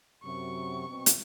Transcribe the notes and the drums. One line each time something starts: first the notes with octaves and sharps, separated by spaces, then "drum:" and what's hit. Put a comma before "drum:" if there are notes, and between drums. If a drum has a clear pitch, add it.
F#2 C3 F#3 C#6
B2 C4
drum: hi-hat